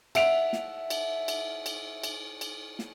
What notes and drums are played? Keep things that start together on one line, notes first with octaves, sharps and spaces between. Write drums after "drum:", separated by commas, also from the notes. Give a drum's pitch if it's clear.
E5 F#5 D7 F7, drum: cymbal
drum: snare
drum: cymbal
drum: cymbal
drum: cymbal
drum: cymbal
drum: cymbal
drum: snare